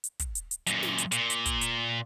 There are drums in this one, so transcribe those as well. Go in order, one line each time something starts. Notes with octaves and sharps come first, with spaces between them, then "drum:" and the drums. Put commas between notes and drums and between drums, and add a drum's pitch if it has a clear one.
drum: hi-hat
drum: kick, hi-hat
drum: hi-hat
drum: hi-hat
F#2 A#2, drum: hi-hat
drum: snare
drum: hi-hat
A#2, drum: hi-hat
drum: hi-hat
drum: kick, hi-hat
drum: hi-hat